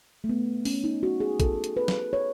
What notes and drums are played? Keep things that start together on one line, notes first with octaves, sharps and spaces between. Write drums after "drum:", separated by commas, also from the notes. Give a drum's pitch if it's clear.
A3
B3
C#4, drum: open hi-hat
D#4
F#4
G#4
A4, drum: kick, hi-hat
drum: hi-hat
B4
drum: snare
C#5